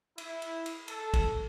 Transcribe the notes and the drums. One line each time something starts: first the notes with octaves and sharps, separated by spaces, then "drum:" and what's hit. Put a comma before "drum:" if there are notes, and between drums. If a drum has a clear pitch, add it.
E4, drum: cymbal
drum: cymbal
drum: cymbal
A4, drum: cymbal
drum: kick, cymbal